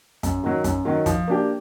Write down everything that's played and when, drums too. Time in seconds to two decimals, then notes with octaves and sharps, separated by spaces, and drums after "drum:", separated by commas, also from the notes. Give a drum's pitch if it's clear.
0.23 F#2, drum: kick, hi-hat
0.43 D#3 F#3
0.64 F#2, drum: kick, hi-hat
0.85 D#3 F#3
1.06 F3, drum: kick, hi-hat
1.27 A#3 D4 G4